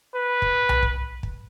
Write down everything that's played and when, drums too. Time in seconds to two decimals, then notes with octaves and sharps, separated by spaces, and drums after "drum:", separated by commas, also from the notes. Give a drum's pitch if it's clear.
0.15 B4
0.42 drum: kick
0.69 drum: tom B1
0.83 drum: kick
1.23 drum: kick